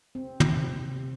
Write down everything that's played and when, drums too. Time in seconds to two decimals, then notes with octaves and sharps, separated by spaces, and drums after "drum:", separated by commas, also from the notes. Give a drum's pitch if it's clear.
0.15 C4
0.40 drum: tom
0.57 C3